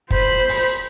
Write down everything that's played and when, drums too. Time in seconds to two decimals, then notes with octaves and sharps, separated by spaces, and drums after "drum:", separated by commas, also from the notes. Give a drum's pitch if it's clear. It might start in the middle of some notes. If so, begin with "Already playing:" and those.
0.11 C5 B5, drum: kick
0.49 drum: open hi-hat